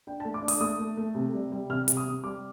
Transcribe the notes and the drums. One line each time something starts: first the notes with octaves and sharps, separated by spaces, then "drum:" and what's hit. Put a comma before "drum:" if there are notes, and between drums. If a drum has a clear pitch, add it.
D4 G5
A5
A3
D6
D4
D#6, drum: open hi-hat
A3 D#6
A3
A3
C3
G3
G3
C3 F6
C3, drum: hi-hat
D#6
C3
G3 D6